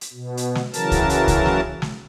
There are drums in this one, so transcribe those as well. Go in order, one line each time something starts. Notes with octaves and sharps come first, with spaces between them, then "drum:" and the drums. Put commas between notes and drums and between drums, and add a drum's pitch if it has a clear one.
drum: hi-hat
B2
drum: hi-hat
drum: snare
C#3 E3 F#3 A#4 A5, drum: hi-hat
drum: kick C2, hi-hat
drum: hi-hat
drum: kick C2, hi-hat
drum: snare
drum: snare